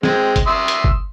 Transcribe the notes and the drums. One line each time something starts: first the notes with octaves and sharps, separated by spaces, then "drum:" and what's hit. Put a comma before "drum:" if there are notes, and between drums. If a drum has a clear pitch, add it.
G#3 C4, drum: snare
drum: kick F#1, hi-hat
E5 C6 D#6
drum: hi-hat
drum: kick F#1